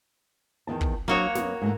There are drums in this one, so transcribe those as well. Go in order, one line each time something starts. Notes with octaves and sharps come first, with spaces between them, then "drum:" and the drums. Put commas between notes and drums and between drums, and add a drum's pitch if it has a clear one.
E2 D#3 A5
drum: kick
F#3 A#3 D4 F#4 C#5 D#5
F#2 B3, drum: snare
G#2 E3 A3